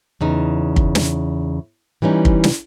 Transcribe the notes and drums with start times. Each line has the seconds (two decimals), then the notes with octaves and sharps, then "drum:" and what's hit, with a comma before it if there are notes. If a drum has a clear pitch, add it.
0.21 E2 C#3 D#4
0.76 drum: kick
0.95 drum: snare
2.02 E3 G3 C#4 D#4
2.25 drum: kick
2.44 drum: snare